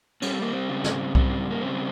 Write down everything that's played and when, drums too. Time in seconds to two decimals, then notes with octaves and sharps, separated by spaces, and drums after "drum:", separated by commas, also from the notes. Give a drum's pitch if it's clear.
0.22 G3 C#4, drum: cymbal
0.32 C4
0.42 A#3
0.52 C4
0.69 C#3
0.84 drum: snare
1.15 G3 C4, drum: kick C2
1.51 A#3
1.61 C#3 C4